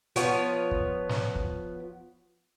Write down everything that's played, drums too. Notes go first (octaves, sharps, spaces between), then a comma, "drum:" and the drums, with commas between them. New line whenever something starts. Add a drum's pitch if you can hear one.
F3 B3 F4 C#5, drum: hi-hat
drum: kick
drum: snare
drum: kick